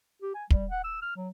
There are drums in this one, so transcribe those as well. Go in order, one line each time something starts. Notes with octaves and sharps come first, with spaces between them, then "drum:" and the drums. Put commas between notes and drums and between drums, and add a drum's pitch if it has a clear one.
G4
G#5
G3, drum: kick
F#5
E6
F6
F#3